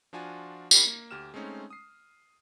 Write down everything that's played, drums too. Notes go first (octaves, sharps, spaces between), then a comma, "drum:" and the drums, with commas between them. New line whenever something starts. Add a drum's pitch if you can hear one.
F3 D4 F4 F#4 G#5
G4 A#4 B5, drum: tambourine
A#3
D2 G4 F6 E7
G#3 A3 C4 C#4 D#4
D#6 C7